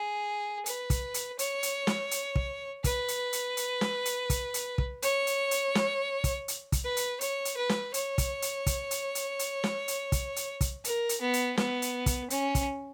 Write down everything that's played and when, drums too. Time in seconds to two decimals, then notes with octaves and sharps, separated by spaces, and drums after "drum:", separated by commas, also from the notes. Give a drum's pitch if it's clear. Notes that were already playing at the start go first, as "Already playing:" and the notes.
Already playing: G#4
0.66 B4, drum: hi-hat
0.90 drum: kick, hi-hat
1.14 drum: hi-hat
1.39 C#5, drum: hi-hat
1.63 drum: hi-hat
1.87 drum: snare
2.11 drum: hi-hat
2.36 drum: kick
2.84 B4, drum: kick, hi-hat
3.08 drum: hi-hat
3.33 drum: hi-hat
3.57 drum: hi-hat
3.81 drum: snare
4.05 drum: hi-hat
4.30 drum: kick, hi-hat
4.54 drum: hi-hat
4.78 drum: kick
5.02 C#5, drum: hi-hat
5.27 drum: hi-hat
5.51 drum: hi-hat
5.75 drum: snare
6.24 drum: kick, hi-hat
6.48 drum: hi-hat
6.72 drum: kick, hi-hat
6.84 B4
6.97 drum: hi-hat
7.21 C#5, drum: hi-hat
7.45 drum: hi-hat
7.57 B4
7.69 drum: snare
7.94 C#5, drum: hi-hat
8.18 drum: kick, hi-hat
8.42 drum: hi-hat
8.67 drum: kick, hi-hat
8.91 drum: hi-hat
9.15 drum: hi-hat
9.39 drum: hi-hat
9.64 drum: snare
9.88 drum: hi-hat
10.12 drum: kick, hi-hat
10.36 drum: hi-hat
10.61 drum: kick, hi-hat
10.84 A#4, drum: hi-hat
11.09 drum: hi-hat
11.21 B3
11.33 drum: hi-hat
11.57 B3, drum: snare
11.82 drum: hi-hat
12.06 drum: kick, hi-hat
12.30 C#4, drum: hi-hat
12.55 drum: kick, hi-hat